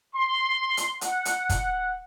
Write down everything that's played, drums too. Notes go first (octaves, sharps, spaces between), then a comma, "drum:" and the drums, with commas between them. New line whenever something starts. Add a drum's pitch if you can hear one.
C6
drum: hi-hat
F#5, drum: hi-hat
drum: hi-hat
drum: kick, hi-hat